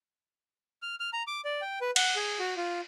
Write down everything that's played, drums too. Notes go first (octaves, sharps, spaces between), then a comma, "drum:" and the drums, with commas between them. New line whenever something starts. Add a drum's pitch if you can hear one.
F6
F6
A#5
D6
D5
G5
B4
F#5, drum: cymbal
G#4
F#4
F4